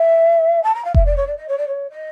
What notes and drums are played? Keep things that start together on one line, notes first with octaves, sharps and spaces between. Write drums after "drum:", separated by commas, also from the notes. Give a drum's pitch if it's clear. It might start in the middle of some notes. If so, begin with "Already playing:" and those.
Already playing: E5
A5
A#5
F5
E5, drum: kick F1
D5
C#5
D5
D#5
C#5
D5
C#5
D#5